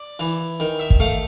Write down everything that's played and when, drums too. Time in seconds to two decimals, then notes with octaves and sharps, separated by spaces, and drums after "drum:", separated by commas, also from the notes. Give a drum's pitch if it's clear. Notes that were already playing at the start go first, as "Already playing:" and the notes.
Already playing: D5
0.19 E3
0.60 D#3
0.79 E5
0.90 drum: kick
1.00 A3 F5